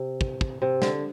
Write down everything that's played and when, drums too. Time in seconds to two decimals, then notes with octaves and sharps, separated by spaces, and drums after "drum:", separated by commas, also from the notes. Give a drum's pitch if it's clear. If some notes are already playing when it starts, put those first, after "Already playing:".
Already playing: C3
0.21 drum: kick
0.41 drum: kick
0.62 C3
0.82 D3, drum: snare